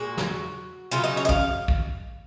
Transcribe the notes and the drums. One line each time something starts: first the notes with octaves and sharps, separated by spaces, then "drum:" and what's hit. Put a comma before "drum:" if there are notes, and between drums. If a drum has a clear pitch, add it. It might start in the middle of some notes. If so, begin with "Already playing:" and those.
Already playing: A#2 G#3 F#4
drum: snare
C#3 F#3 C#4 F4
D#4
C#5
D#5
F5, drum: kick
drum: kick